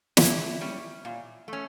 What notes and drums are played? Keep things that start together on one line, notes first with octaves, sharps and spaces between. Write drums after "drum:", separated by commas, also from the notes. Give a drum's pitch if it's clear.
A#2 E4, drum: snare
G3 C#4
A#2
A3 C#4